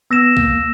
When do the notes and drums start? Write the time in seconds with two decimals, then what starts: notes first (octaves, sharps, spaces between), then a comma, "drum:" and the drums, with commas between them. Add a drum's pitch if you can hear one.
0.11 B3 E6 A#6 E7
0.37 A#3, drum: kick A#1